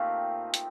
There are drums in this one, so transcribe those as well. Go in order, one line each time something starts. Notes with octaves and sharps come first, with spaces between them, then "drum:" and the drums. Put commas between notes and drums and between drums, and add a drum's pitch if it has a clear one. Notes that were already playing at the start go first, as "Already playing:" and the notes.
Already playing: A#2 A3 C4 D#4 F4 G4
drum: hi-hat